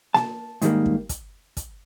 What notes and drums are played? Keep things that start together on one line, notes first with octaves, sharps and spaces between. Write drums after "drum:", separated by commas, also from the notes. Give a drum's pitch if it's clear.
A5, drum: snare A#3
G#2 D#3 G3 A#3, drum: hi-hat
drum: kick
drum: kick, hi-hat
drum: kick, hi-hat